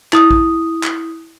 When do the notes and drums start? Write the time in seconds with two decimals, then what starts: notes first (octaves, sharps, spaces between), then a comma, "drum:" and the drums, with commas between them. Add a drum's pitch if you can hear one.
0.13 E4 D#6, drum: clap
0.31 drum: kick
0.83 drum: clap